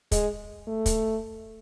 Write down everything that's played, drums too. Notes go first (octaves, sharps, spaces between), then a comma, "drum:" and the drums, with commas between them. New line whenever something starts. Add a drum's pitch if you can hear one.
G#3, drum: kick, hi-hat
A3
drum: kick, hi-hat